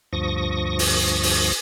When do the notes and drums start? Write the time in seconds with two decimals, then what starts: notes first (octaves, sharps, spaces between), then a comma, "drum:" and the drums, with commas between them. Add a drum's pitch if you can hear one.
0.13 D2 G2 F3 C#6 D#6 A#6
0.79 drum: open hi-hat
1.23 drum: open hi-hat